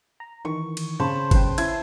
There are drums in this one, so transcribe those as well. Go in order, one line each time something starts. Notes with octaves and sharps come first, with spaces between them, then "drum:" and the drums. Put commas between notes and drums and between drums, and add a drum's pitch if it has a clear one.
A#5
D#3 E3 C#6
drum: cymbal
C#3 C5 A5 B5 C#6
B1 B4 C5 G5, drum: kick, cymbal
C#4 E4 A5 G#6 C7, drum: cymbal